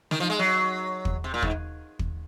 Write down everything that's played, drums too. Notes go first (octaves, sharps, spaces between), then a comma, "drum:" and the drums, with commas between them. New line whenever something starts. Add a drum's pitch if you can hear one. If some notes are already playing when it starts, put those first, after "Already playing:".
D#3, drum: snare
F3
G#3
F#3
drum: kick
C3
A#2
G#2, drum: kick
drum: kick